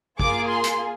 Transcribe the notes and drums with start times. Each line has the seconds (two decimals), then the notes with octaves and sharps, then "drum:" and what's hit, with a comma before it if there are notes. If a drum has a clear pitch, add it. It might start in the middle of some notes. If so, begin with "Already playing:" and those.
0.19 A#3 F4 G#4 D6, drum: kick
0.49 C6
0.64 drum: hi-hat